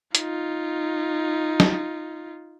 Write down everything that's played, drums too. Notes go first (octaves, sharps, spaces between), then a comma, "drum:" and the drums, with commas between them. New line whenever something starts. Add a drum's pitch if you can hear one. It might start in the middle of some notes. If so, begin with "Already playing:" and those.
D#4 F4, drum: hi-hat
drum: snare